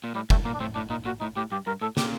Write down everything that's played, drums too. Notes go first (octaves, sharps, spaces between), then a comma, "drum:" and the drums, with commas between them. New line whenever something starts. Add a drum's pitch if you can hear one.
A#2
A2 G3
G2 A3, drum: kick
A#2 A#3
D4
A2 C4
A2 D4
A#2 D#4
A#2 F#4
A2 D#4
A2 G4
G2 G4
G2 A#4
A2 A4
A#2 G4, drum: snare